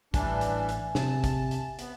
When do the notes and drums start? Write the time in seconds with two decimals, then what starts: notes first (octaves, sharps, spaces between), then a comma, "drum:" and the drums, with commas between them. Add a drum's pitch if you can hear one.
0.14 A1 E3 G3 D4 E5 G#5, drum: kick, hi-hat
0.41 drum: hi-hat
0.69 drum: hi-hat
0.95 C3 A5, drum: snare
1.24 drum: kick, hi-hat
1.51 drum: hi-hat
1.79 B3, drum: hi-hat